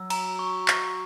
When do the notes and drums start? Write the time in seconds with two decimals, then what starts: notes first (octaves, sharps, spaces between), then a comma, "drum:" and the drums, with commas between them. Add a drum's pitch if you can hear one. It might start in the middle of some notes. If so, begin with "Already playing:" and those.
Already playing: F#3 E6
0.10 A#5, drum: cymbal
0.39 C#6
0.68 C#6, drum: clap